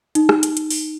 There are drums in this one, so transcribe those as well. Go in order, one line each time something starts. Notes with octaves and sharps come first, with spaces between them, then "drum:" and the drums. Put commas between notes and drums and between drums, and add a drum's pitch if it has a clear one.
D#4, drum: hi-hat
drum: rim click
drum: hi-hat
drum: hi-hat
drum: open hi-hat